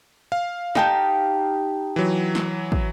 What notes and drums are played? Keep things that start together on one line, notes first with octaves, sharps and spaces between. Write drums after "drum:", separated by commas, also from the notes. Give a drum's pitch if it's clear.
F5
D#4 G4 A5, drum: snare
E3 F#3
drum: snare
drum: kick